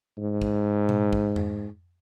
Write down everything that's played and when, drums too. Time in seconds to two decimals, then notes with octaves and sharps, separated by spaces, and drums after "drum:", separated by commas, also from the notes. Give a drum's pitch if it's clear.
0.18 G#2
0.42 drum: kick
0.89 drum: tom A#2
1.13 drum: kick
1.36 drum: tom F2